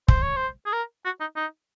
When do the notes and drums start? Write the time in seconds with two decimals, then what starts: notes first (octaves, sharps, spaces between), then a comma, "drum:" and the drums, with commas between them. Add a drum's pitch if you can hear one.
0.08 C5, drum: kick
0.22 C#5
0.36 C5
0.66 G#4
0.73 A#4
1.05 F#4
1.20 D#4
1.36 D#4